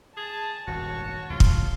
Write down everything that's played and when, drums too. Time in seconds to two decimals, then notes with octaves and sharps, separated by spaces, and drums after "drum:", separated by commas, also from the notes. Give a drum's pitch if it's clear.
0.17 G#4 A5
0.67 D#1 G#1 F#2 F#4 C#5 A5 C#6
1.30 D2 C3 F#3 F4
1.40 drum: kick